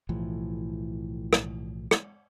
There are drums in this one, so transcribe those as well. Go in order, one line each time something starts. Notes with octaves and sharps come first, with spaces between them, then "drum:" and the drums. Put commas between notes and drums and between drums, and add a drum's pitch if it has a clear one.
B1 A2 E3 F3
drum: rim click
drum: rim click